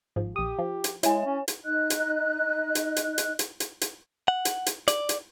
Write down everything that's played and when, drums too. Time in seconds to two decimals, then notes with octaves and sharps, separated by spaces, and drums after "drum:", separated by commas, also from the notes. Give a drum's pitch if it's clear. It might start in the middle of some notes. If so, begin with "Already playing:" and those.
0.16 G#1 G#2 F3
0.36 A#1 G4 D#6
0.59 F3
0.84 drum: hi-hat
1.03 G#3 E4 C#5 G#5, drum: hi-hat
1.25 C#4
1.48 drum: hi-hat
1.65 D#4 D#5 F#6
1.90 drum: hi-hat
2.75 drum: hi-hat
2.96 drum: hi-hat
3.18 drum: hi-hat
3.39 drum: hi-hat
3.60 drum: hi-hat
3.81 drum: hi-hat
4.28 F#5
4.45 drum: hi-hat
4.66 drum: hi-hat
4.88 D5, drum: hi-hat
5.09 drum: hi-hat